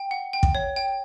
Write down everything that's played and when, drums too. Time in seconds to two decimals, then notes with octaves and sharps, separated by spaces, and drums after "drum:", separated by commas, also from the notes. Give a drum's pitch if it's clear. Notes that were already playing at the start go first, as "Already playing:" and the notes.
Already playing: G5
0.11 F#5
0.33 G5
0.43 drum: kick
0.55 C#5
0.76 G5